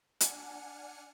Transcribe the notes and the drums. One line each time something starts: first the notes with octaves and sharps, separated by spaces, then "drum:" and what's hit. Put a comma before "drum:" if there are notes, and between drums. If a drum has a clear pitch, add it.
D4 F#5 G#5 F6 C#7, drum: hi-hat